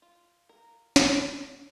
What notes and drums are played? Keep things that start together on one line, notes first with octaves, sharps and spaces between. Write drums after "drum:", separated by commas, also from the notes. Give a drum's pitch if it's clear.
F4
A#4
C4, drum: snare